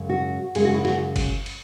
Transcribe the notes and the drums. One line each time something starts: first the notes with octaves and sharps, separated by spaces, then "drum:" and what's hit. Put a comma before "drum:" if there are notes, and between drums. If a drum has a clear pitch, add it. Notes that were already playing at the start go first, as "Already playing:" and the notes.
Already playing: F#2 C#3 G#3
F#4
F#2 C#3 G#3 G#4, drum: cymbal
F#4
E4
F#4, drum: snare
drum: kick G1, cymbal
drum: cymbal